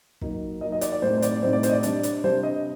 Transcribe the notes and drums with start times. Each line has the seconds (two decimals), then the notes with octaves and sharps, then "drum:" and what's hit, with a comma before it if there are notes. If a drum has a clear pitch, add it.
0.21 F#3 A#3 D#4, drum: kick
0.61 F#3 A#3 D#4 D#5
0.72 D#5
0.81 D5, drum: hi-hat
0.92 D5
1.02 A2 G3 C4 D#4 C5
1.18 C5
1.22 D5, drum: hi-hat
1.42 A2 G3 C4 D#4 C5
1.53 D5
1.63 C5, drum: hi-hat
1.69 D#5
1.73 D5
1.83 C3 G3 D4, drum: hi-hat
2.03 drum: hi-hat
2.24 C3 G3 D4 C5
2.43 D#5